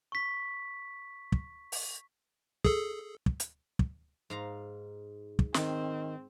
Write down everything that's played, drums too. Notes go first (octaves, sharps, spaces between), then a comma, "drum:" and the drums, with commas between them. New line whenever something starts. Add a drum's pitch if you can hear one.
C#6 B6
drum: kick
drum: open hi-hat
G#4 A4, drum: kick
drum: kick
drum: hi-hat
drum: kick
G#2 F5 A#5
drum: kick
D#3 C4, drum: snare